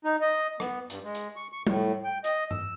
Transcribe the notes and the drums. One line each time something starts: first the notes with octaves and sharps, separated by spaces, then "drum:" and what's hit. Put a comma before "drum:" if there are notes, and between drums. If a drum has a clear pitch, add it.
D#4
D#5
B3, drum: rim click
G2, drum: hi-hat
G#3
drum: hi-hat
C#6
C#6
A2, drum: tom G3
G5
D#5, drum: hi-hat
E6, drum: tom G2